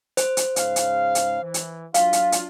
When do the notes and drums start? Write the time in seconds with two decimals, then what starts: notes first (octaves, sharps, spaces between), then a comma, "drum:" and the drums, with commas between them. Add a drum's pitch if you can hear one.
0.17 C5, drum: hi-hat
0.37 drum: hi-hat
0.56 G#2 C#3 F5, drum: hi-hat
0.76 drum: hi-hat
1.15 drum: hi-hat
1.42 E3
1.54 drum: hi-hat
1.94 F#3 D4 F4 F5, drum: hi-hat
2.13 drum: hi-hat
2.32 drum: hi-hat